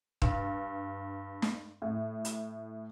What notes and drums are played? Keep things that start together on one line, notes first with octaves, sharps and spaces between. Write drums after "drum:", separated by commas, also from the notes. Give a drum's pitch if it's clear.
G2, drum: kick D#1
drum: snare
A2
drum: hi-hat